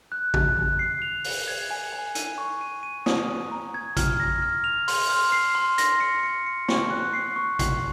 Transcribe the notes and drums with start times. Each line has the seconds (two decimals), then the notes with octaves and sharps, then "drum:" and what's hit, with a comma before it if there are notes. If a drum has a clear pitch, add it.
0.12 F#6
0.34 F#6, drum: kick A1
0.57 F#6
0.79 C7
1.02 F7
1.24 C7, drum: open hi-hat
1.48 G#6
1.71 G#5
1.93 G#5
2.15 D#7, drum: hi-hat
2.38 C#6
2.61 D#7
2.83 D#7
3.06 D#6, drum: snare
3.29 D#6
3.51 A#5
3.74 G#6
3.97 F6, drum: kick A1, hi-hat
4.20 A#6
4.42 F6
4.64 F7
4.88 C6, drum: open hi-hat
5.09 F6
5.32 C7
5.55 C6
5.78 A#6, drum: hi-hat
6.00 C#7
6.23 C#7
6.46 C#7
6.69 C#6, drum: snare
6.90 F#6
7.13 C7
7.36 C#6
7.59 C7, drum: kick A1, hi-hat